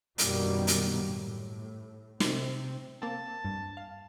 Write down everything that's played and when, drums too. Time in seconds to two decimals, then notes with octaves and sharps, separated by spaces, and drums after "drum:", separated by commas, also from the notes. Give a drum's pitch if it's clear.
0.18 F#1 F#2 B2 D#3 G3 A#3, drum: hi-hat
0.67 drum: hi-hat
1.05 A2
2.20 C3 C4, drum: snare
3.02 A#3 C4 A5
3.45 G2
3.77 F5